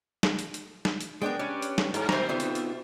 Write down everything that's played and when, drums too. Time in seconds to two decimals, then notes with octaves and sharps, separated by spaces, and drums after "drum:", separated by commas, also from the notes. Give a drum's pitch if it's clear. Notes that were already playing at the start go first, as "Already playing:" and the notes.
0.23 drum: snare
0.39 drum: hi-hat
0.54 drum: hi-hat
0.85 drum: snare
1.01 drum: hi-hat
1.22 G#3 B3 D4 A#4 C#5 G5
1.39 C#4 G4 B4 D5
1.62 drum: hi-hat
1.78 drum: snare
1.94 G#2, drum: hi-hat
2.09 B2 D#3 E4 C5 A#5, drum: snare
2.29 D3 B3 C4 D#4 F4 E5
2.40 drum: hi-hat
2.55 drum: hi-hat